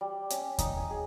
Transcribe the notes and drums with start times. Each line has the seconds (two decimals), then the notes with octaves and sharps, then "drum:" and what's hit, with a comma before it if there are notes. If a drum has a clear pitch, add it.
0.01 G3
0.30 C#4, drum: hi-hat
0.58 D#4, drum: kick D#2, hi-hat
0.77 G#5
0.90 G#4